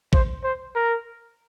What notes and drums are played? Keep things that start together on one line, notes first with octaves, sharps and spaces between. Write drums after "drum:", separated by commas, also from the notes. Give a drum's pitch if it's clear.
C5, drum: kick A#1
C5
A#4